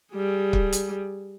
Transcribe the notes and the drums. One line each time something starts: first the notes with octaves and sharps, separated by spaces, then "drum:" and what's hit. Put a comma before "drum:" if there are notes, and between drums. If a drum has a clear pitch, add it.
G3 G#4
drum: kick
drum: hi-hat